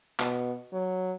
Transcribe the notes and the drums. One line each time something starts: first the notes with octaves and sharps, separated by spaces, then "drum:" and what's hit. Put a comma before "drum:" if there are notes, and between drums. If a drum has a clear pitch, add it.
B2, drum: clap
F#3